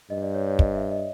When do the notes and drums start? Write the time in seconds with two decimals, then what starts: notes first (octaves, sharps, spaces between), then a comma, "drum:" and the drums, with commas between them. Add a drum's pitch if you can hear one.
0.10 G2 D#5
0.22 D5
0.35 C#5
0.47 C#5
0.59 D#5, drum: kick
0.75 E5
0.92 D#5